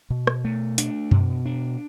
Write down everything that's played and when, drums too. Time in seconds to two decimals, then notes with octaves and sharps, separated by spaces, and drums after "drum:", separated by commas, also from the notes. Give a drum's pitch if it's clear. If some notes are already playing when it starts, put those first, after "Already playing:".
0.10 B2
0.27 drum: rim click
0.45 A3
0.78 D4, drum: hi-hat
1.11 B2, drum: tom F#2
1.45 D4